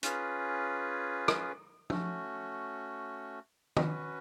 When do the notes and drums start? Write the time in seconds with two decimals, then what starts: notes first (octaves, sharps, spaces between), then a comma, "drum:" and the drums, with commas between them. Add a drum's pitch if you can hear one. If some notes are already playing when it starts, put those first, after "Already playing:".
0.03 C#4 F4 G#4 B4, drum: hi-hat
1.28 drum: rim click
1.90 A3 C#4 F#4, drum: tom
3.77 C#4 F#4 B4, drum: tom